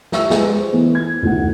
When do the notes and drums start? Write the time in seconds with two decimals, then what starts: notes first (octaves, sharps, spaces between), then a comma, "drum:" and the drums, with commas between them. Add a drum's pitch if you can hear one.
0.12 G4 E5 C#6 E6, drum: snare
0.30 G#3 B4, drum: snare
0.58 C5
0.72 E3 A3 B3
0.95 G#6
1.22 A1 D2 D#3 F#5